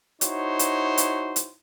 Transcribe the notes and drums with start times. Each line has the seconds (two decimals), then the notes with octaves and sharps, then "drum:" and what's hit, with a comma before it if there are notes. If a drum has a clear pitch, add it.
0.21 D#4 E4 F#4 C5 C#5, drum: hi-hat
0.59 drum: hi-hat
0.98 drum: hi-hat
1.36 drum: hi-hat